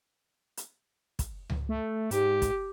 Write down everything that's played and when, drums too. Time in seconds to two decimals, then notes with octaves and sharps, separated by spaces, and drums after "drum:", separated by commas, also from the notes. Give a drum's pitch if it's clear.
0.57 drum: hi-hat
1.19 drum: kick, hi-hat
1.50 drum: tom C#2
1.69 A3
2.11 G#2 G4, drum: hi-hat
2.42 drum: kick, hi-hat